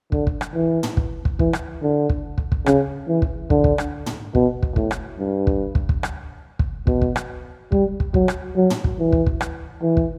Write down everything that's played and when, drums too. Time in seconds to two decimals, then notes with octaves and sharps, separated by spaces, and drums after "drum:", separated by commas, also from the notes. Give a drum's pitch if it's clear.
0.12 D3, drum: kick
0.27 drum: kick
0.41 drum: rim click
0.55 E3
0.83 drum: tom
0.97 drum: kick
1.25 drum: kick
1.39 E3, drum: kick
1.53 drum: rim click
1.82 D3
2.10 drum: kick
2.38 drum: kick
2.52 drum: kick
2.66 C#3, drum: rim click
3.08 E3
3.22 drum: kick
3.50 D3, drum: kick
3.64 drum: kick
3.78 drum: rim click
4.06 drum: tom
4.35 B2, drum: kick
4.63 drum: kick
4.76 A2, drum: kick
4.91 drum: rim click
5.19 G2
5.47 drum: kick
5.75 drum: kick
5.89 drum: kick
6.03 drum: rim click
6.59 drum: kick
6.87 B2, drum: kick
7.02 drum: kick
7.16 drum: rim click
7.72 G3, drum: kick
8.00 drum: kick
8.14 F#3, drum: kick
8.28 drum: rim click
8.56 F#3
8.70 drum: tom
8.84 drum: kick
8.99 E3
9.12 drum: kick
9.26 drum: kick
9.41 drum: rim click
9.82 E3
9.97 drum: kick